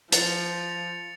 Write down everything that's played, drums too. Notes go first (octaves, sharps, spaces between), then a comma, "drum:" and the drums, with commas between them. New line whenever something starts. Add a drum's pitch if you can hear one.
F3 A6 C#7 F7, drum: hi-hat